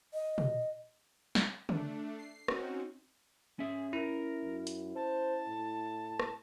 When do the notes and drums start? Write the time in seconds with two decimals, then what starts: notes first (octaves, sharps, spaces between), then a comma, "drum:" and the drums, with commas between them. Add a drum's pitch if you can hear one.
0.13 D#5
0.38 drum: tom
1.35 drum: snare
1.69 A3 D4, drum: tom
2.19 C7
2.48 C4 C#4 D#4 F#4, drum: rim click
3.59 C#4 G#4 E5
3.93 E4 A#4
4.43 F#2
4.67 drum: hi-hat
4.95 C5 A5
5.48 A2
6.20 drum: rim click